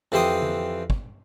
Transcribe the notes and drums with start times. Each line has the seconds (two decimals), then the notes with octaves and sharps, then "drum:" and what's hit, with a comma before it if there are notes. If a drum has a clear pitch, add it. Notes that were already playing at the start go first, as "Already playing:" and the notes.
0.12 F2 E3 G4 C5 G5 D#6
0.42 drum: tom D3
0.90 drum: kick